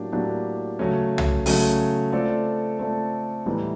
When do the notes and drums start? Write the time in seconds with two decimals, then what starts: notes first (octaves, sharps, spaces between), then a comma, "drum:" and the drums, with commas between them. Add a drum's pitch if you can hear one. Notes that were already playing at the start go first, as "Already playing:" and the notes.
Already playing: A2 F#3 A#3 D4 G4
0.12 A2 F#3 A#3 D4 G4
0.79 C#3 F#3 A3 C#4
1.18 drum: tom
1.46 C#3 F#3 A3 C#4, drum: open hi-hat
2.12 A3 C4 F4 A4 D5
2.79 A3 C4 F4 A4 D5
3.46 A2 E3 G3 B3 D#4